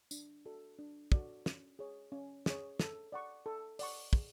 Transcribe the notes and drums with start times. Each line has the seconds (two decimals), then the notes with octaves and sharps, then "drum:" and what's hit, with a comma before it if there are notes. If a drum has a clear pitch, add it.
0.11 D4, drum: tambourine
0.46 F#4 A4 D5
0.79 D4
1.12 F#4 A4 D5, drum: kick
1.46 C#4, drum: snare
1.79 G#4 C#5
2.12 C#4
2.46 G#4 C#5, drum: snare
2.79 A4, drum: snare
3.12 D5 F#5 C#6
3.46 A4
3.79 D5 F#5 C#6, drum: open hi-hat
4.13 G#4, drum: kick